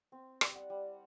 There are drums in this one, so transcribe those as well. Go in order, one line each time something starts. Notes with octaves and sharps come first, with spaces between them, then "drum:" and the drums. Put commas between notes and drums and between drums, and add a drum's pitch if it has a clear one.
C4
G3, drum: rim click
F#5
G3